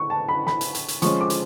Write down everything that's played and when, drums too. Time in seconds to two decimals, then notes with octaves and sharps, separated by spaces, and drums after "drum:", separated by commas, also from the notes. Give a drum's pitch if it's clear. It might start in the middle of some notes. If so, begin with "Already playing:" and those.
Already playing: C#6
0.10 A5
0.29 B5
0.47 B5, drum: snare
0.61 drum: hi-hat
0.75 drum: hi-hat
0.88 drum: hi-hat
1.02 F3 G#3 C#4 C#6, drum: hi-hat
1.21 D6
1.30 drum: hi-hat